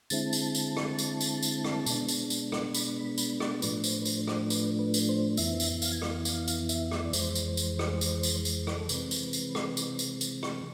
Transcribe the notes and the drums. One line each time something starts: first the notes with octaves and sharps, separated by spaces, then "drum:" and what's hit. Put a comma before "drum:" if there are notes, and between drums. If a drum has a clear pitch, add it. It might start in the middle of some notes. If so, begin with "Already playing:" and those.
D3 G#3 C4 E4 A5, drum: tambourine
drum: tambourine
drum: tambourine
drum: rim click
drum: tambourine
drum: tambourine
drum: tambourine
drum: rim click
B2 G#3 B3 D4, drum: tambourine
drum: tambourine
drum: tambourine
drum: rim click
B5, drum: tambourine
B5
B5, drum: tambourine
A5, drum: rim click
A2 F3 A3 D4 B4, drum: tambourine
C5, drum: tambourine
B4
C5, drum: tambourine
C5, drum: rim click
B4, drum: tambourine
B4
drum: tambourine
C5
F2 E3 B3 E4 E5, drum: tambourine
drum: tambourine
F5, drum: tambourine
G#5
F5, drum: rim click
F5, drum: tambourine
drum: tambourine
E5, drum: tambourine
drum: rim click
D5
F2 E3 G#3 C5, drum: tambourine
drum: tambourine
drum: tambourine
drum: rim click
drum: tambourine
drum: tambourine
drum: tambourine
drum: rim click
A4
C3 E3 G#3 C4 B4, drum: tambourine
drum: tambourine
drum: tambourine
drum: rim click
drum: tambourine
drum: tambourine
drum: tambourine
drum: rim click